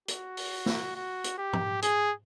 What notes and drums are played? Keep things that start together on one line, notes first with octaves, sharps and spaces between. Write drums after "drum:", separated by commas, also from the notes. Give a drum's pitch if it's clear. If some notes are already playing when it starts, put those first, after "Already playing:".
F#4, drum: hi-hat
drum: open hi-hat
drum: snare
F#4
drum: hi-hat
G4
drum: tom G#2
G#4, drum: hi-hat